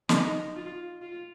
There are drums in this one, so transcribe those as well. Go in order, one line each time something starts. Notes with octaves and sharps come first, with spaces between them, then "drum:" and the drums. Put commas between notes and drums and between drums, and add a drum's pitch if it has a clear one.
D#4, drum: snare
F4
F4